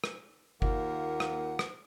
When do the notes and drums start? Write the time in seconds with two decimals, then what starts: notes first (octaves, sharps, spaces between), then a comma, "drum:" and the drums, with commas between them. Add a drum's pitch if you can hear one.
0.04 drum: rim click
0.62 D#2 A#3 F4 F#5, drum: kick G1
1.20 drum: rim click
1.59 drum: rim click